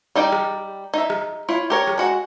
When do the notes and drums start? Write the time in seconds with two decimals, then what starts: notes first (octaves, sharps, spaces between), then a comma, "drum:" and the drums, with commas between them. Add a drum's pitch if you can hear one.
0.16 G3 D#4 D5 G5
0.32 drum: rim click
0.94 D#4 E5
1.10 drum: rim click
1.49 E4 F4 C#5
1.70 G4 A#4 C#5
1.87 drum: rim click
1.98 G#3 F#4 F#5